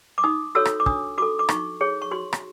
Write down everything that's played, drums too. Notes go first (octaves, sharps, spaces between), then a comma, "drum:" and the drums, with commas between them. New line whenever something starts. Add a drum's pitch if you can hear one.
D6
D#4 D#6
F#4 A4 C#5 E6
drum: rim click
D6
D4 D#6, drum: kick
F#4 A4 D6
D6
D#4 C#6, drum: rim click
G#4 C#5
C#6
F#4 C6
drum: rim click